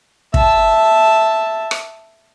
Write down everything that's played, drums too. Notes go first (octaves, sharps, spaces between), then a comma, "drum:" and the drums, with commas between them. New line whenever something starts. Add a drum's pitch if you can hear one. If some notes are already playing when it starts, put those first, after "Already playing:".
E5 A5, drum: kick
drum: rim click